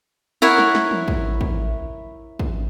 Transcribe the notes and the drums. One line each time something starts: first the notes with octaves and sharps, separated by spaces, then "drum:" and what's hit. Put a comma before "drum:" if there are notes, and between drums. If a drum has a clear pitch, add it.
E4 A#4 C#5 F#5
drum: snare
drum: snare
drum: tom E3
drum: kick
drum: kick
drum: kick